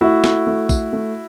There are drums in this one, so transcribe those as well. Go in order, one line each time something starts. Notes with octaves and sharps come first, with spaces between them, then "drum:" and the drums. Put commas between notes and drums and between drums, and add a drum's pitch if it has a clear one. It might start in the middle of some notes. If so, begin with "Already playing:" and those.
A3 E4 F#4
A3, drum: snare
A3
A3, drum: kick, tambourine
A3